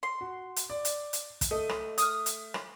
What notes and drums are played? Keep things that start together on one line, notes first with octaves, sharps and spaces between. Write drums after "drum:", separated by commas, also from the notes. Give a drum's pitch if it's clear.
C6
F#4
drum: hi-hat
D5
drum: hi-hat
drum: hi-hat
drum: kick, hi-hat
A3 D#5
drum: rim click
D#6 F6, drum: hi-hat
drum: hi-hat
drum: rim click